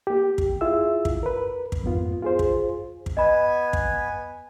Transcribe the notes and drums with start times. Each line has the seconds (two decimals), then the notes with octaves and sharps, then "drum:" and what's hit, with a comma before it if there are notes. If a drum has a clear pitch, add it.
0.07 A#3 G4
0.38 drum: kick
0.61 E4 F4 G#4 E5 E6
1.05 drum: kick
1.23 A#4 B4
1.72 drum: kick
1.84 F2 G#2 B3 F4
2.22 F4 G#4 C5
2.39 drum: kick
3.06 drum: kick
3.17 B3 D#5 G#5 B5
3.73 drum: kick